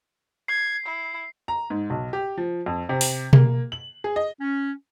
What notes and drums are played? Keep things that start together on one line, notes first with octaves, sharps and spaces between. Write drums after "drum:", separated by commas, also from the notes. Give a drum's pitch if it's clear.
G#6 C7
E4
A#5
G#2
B1
G4
F3
F2
C3
drum: open hi-hat
A#3, drum: tom B2
F#7
G#4
D#5
C#4